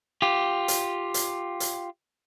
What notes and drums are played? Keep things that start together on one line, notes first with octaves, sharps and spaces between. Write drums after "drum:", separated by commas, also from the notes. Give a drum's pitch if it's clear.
F4 G4
drum: hi-hat
drum: hi-hat
drum: hi-hat